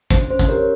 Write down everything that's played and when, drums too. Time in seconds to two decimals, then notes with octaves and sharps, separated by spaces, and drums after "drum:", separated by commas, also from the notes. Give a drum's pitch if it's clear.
0.11 C#4 C5, drum: kick, hi-hat
0.30 C#4 C5
0.39 drum: kick, hi-hat
0.48 G4 A#4 C#5